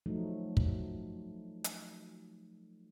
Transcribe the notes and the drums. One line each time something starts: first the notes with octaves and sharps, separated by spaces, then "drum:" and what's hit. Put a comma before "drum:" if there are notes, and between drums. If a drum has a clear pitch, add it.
F3 F#3 A3 D#4
drum: kick
drum: hi-hat